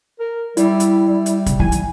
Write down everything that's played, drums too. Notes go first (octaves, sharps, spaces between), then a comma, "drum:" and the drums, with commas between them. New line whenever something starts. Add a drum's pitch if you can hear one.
A#4
G3 E4, drum: hi-hat
drum: hi-hat
G3
drum: hi-hat
C3, drum: kick, hi-hat
E3 G#5
drum: hi-hat